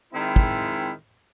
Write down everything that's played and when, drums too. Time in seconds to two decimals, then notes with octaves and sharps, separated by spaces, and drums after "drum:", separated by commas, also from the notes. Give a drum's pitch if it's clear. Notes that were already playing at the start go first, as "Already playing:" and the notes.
0.13 D#3 G#3 C4 E4
0.36 drum: kick